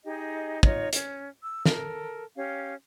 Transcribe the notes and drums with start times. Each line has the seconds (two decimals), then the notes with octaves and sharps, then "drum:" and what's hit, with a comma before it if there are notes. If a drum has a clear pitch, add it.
0.04 D#4 G4 G#4 D#5
0.63 D#4 F4 C#5 D#5, drum: kick
0.93 C#4, drum: hi-hat
1.42 E6
1.65 A4 A#4, drum: snare
2.37 C#4 G4 F5